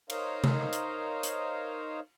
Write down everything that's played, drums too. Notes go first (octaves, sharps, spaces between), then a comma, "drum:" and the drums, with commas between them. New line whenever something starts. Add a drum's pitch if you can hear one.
D#4 A#4 C5 C#5 D#5 F5, drum: cymbal
drum: tom C3
drum: hi-hat
drum: hi-hat